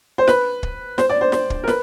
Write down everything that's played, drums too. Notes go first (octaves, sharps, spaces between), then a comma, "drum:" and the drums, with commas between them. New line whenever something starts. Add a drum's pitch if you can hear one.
C5
B4, drum: snare
drum: kick
C5, drum: snare
D5
C5
C5, drum: snare
drum: kick
A#4
B4, drum: snare